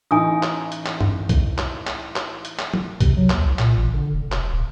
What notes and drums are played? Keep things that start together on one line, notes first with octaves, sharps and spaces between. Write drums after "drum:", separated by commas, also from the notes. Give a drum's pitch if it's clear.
A1 A2 D#4 G#5 C#6 D#6
drum: clap
drum: hi-hat
drum: clap
drum: tom G2
drum: kick B1, hi-hat
drum: clap
drum: clap
drum: clap
drum: hi-hat
drum: clap
drum: tom
C3, drum: kick B1, hi-hat
F#3
D#2, drum: clap
C2
A#2, drum: clap
A1
D3
F1
E1, drum: clap
D#1